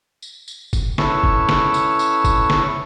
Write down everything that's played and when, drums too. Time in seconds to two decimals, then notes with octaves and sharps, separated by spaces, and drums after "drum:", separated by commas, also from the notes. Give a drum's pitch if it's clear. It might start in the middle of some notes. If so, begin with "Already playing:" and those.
0.22 drum: tambourine
0.48 drum: tambourine
0.73 drum: kick, tambourine
0.98 C#4 E4 A4 B4 C#5, drum: snare
1.23 drum: kick
1.49 drum: snare
1.74 drum: tambourine
1.99 drum: tambourine
2.24 drum: kick, tambourine
2.50 drum: snare